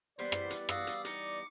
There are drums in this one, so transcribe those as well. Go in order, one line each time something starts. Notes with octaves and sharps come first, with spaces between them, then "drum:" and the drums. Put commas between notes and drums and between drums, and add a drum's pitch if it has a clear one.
E3 G3 B3 C5 D5
drum: rim click
drum: hi-hat
F#4 F5 D#6 E6, drum: rim click
drum: hi-hat
D#4 D6 C#7, drum: hi-hat